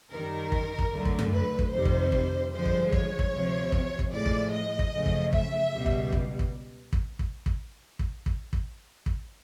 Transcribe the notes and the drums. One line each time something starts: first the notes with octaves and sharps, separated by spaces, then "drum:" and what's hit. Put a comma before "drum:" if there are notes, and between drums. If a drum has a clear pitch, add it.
F#2 D#3 G3 A#4
drum: kick
drum: kick
D2 D3 F#3 A3
drum: kick
drum: tom F#2
B4
drum: kick
F2 C3 D#3 G3 C5
drum: kick
drum: kick
G2 D3 F3 G#3 C5
drum: kick
C#5, drum: kick
drum: kick
D2 C3 F3
drum: kick
drum: kick
A2 F3 G#3 D5
drum: kick
D#5
drum: kick
F#2 C#3 F3 A3
drum: kick
E5, drum: kick
C#2 B2 G3
drum: kick
drum: kick
drum: kick
drum: kick
drum: kick
drum: kick
drum: kick
drum: kick
drum: kick
drum: kick